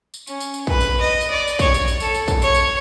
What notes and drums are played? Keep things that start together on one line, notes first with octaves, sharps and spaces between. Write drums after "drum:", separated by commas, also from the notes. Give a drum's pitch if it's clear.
drum: tambourine
C#4, drum: tambourine
drum: tambourine
drum: tambourine
B4, drum: kick
drum: tambourine
D#5
drum: tambourine
D5
drum: tambourine
C#5, drum: kick, tambourine
drum: tambourine
drum: tambourine
A4, drum: tambourine
drum: tambourine
drum: kick, tambourine
C#5, drum: tambourine
drum: tambourine